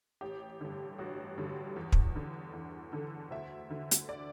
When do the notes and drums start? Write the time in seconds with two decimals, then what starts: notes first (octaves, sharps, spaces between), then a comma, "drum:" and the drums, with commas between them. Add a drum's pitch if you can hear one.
0.21 A1 G4
0.61 G2 D3
0.98 A1 F#4
1.38 G2 D3
1.76 E2
1.92 drum: kick
2.16 D3
2.53 E2
2.92 D3 A4
3.31 D2 E5
3.70 D3
3.91 drum: hi-hat
4.09 D5